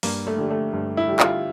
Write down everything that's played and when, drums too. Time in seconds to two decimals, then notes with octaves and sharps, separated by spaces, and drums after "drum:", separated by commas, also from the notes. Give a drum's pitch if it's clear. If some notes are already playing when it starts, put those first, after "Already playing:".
0.03 G2 A#3, drum: open hi-hat
0.27 A3
0.38 D3 G3
0.51 A3
0.73 G2
0.97 E4
1.08 D3 G3
1.20 F4, drum: clap